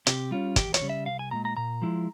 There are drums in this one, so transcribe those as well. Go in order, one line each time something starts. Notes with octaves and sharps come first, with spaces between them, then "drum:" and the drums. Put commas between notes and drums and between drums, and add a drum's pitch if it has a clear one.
C3 G4, drum: hi-hat
G3 C#4 F4
E2 G4, drum: kick, hi-hat
C#5, drum: hi-hat
C#3 G3
E5
C2 F5
G#5
A#2 G#3 A#5
A#5
A#2 A#5
F3 G#3 E4